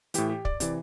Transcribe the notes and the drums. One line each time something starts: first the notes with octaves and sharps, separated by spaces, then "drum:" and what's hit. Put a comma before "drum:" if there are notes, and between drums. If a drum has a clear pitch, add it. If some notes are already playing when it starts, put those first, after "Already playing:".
A2 E3 G4, drum: hi-hat
G4
D5, drum: kick
C3 E3 D5, drum: hi-hat